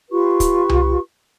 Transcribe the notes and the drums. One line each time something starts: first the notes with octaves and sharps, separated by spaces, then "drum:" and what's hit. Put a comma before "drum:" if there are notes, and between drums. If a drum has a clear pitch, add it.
F4 G4 B4 C#6
drum: kick, hi-hat
drum: tom C2